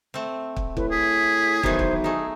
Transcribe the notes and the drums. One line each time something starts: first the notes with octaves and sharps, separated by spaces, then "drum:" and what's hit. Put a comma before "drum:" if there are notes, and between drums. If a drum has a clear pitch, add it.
A3 C4
drum: kick
A2 B4, drum: kick
G#4 B6
B1 D#3 E3 C5, drum: kick
drum: kick
A3 D#4 G#4